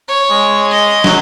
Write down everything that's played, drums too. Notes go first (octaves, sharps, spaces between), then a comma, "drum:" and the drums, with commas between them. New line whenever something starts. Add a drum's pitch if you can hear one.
C#5
G#3
D#5
F#3, drum: snare